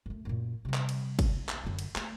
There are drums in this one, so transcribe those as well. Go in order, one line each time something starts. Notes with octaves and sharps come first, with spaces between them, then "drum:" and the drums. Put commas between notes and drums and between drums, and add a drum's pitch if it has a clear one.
F#2 A3
F#2 A#2
C3 G3
drum: clap
drum: cymbal
drum: kick, cymbal
drum: clap
F#2 D3
drum: cymbal
A3, drum: clap